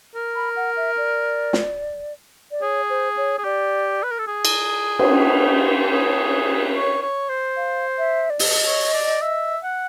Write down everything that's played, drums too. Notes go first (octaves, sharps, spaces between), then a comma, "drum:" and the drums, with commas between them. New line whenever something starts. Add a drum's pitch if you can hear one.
A#4
B5
F#5
E5
D5
drum: snare
D5
G#4 C#5
C5
C#5
G#4
G4 D5
B4
A#4
A4
G#4
drum: cymbal
drum: cymbal
G#4
C#5
C#5
C5
F5
E5
D5
D#5, drum: open hi-hat
C#5
D5
E5
F#5